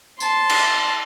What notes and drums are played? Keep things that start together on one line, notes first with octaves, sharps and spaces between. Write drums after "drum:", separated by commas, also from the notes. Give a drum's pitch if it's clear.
A5 C6, drum: tambourine
drum: cymbal